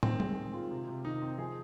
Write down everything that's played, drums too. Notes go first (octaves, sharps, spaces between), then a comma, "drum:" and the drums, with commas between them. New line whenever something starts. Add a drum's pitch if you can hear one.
D#3 C4, drum: tom
G#4, drum: tom
G#3
F4
C3
C3
D#3 D#4
C4
F3 G#4